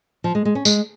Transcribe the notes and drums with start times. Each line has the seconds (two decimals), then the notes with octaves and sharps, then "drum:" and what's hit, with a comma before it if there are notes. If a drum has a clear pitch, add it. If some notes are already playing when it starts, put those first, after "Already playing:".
0.24 F3
0.35 G#3
0.45 G#3
0.55 C#4
0.65 G#3, drum: tambourine